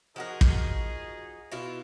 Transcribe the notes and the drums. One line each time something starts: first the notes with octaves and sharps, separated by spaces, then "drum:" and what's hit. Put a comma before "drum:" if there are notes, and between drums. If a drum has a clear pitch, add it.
F3 D#4 F#4 G#4 A#4
drum: kick
B2 E4 F4